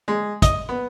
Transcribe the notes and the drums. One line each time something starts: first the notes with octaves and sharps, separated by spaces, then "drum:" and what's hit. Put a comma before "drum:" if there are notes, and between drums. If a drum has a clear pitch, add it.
G#3
D#5, drum: kick, hi-hat
B3